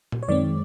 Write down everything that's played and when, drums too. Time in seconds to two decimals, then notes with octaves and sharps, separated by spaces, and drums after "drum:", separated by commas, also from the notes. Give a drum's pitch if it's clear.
0.12 drum: tom A#2
0.23 C#5
0.28 F#2 D#3 G#3 C4 D5